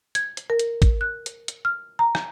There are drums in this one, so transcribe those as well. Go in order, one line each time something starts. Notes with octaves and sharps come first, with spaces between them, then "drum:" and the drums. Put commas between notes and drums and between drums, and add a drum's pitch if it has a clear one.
G#6, drum: hi-hat
drum: hi-hat
A#4
drum: hi-hat
drum: kick, hi-hat
F#6
drum: hi-hat
drum: hi-hat
F6
A#5
drum: rim click